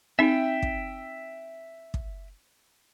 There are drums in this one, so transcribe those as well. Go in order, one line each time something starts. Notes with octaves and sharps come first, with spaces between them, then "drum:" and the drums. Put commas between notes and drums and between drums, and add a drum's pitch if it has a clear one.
C4 D#4 E5 G5
drum: kick
drum: kick